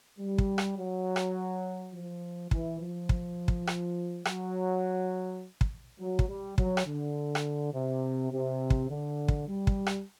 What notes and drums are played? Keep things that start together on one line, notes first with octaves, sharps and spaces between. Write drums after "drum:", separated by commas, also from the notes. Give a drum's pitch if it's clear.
G3
drum: kick
drum: rim click
F#3
drum: rim click
F3
E3, drum: kick
F3
drum: kick
drum: kick
drum: rim click
F#3, drum: rim click
drum: kick
F#3
drum: kick
G3
F#3, drum: kick
drum: rim click
D3
drum: rim click
C3
C3
drum: kick
D3
drum: kick
G3
drum: kick
drum: rim click